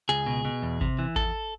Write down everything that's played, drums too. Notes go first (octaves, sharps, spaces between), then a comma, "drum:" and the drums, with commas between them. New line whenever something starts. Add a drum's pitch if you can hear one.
C#2 G#4
B2
B2
E2
C3, drum: kick G#1
E3
E2 A4, drum: kick G#1